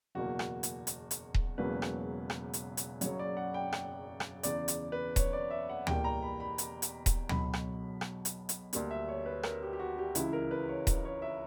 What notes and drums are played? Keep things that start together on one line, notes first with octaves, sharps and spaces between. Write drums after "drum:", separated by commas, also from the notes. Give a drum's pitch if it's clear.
F#1 E2 B2 A#3 F#4
drum: rim click
drum: hi-hat
drum: hi-hat
drum: hi-hat
drum: kick D#1
E1 E2 C#3 F#3 A#3 B4
drum: rim click
drum: rim click
drum: hi-hat
drum: hi-hat
F#1 F#2 C#3 F#3 C#5, drum: hi-hat
D5
F#5
G5
drum: rim click
drum: rim click
E2 C#3 E3 D5, drum: hi-hat
drum: hi-hat
B4
C#5, drum: kick D#1, hi-hat
D5
E5
F#5
E2 B2 G3 A#3 G5, drum: tom D2
A#5
B5
B5
drum: hi-hat
drum: hi-hat
drum: kick D#1, hi-hat
B1 B2 F#3 B5, drum: tom D2
drum: rim click
drum: rim click
drum: hi-hat
drum: hi-hat
D2 D3 G3 A#3, drum: hi-hat
E5
C#5
B4
A#4, drum: rim click
G4
G4
F#4
G4
C#2 C#3 E3 E4, drum: hi-hat
A#4
B4
C#5
C#5, drum: kick D#1, hi-hat
C#5
E5